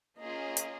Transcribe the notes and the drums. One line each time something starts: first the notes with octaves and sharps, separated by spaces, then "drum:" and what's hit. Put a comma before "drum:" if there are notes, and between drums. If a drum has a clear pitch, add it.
A#3 C#4 F4 G#4 D#5
drum: hi-hat